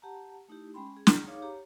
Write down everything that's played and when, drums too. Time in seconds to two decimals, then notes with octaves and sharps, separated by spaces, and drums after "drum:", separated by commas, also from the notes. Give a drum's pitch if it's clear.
0.02 G4 F#5 A5 A#5
0.48 A3 D#4 E4 G4
0.74 G#3 C#4 G5 B5 C6
0.97 G#4
1.07 drum: snare
1.25 D#4 G#4 C#5 F5 D6
1.42 G4 C#5 A#5